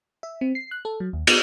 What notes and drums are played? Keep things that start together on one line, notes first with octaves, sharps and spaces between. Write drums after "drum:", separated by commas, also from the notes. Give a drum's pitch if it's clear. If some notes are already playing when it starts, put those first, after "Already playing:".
E5
C4
C7
F#6
A4
F#3
D#2
B3, drum: cymbal